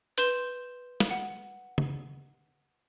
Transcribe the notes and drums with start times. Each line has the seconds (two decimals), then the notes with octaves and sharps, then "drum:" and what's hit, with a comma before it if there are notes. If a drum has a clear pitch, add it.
0.18 B4 C6 G6 E7, drum: hi-hat
1.00 drum: snare
1.11 F#5
1.78 drum: tom C#3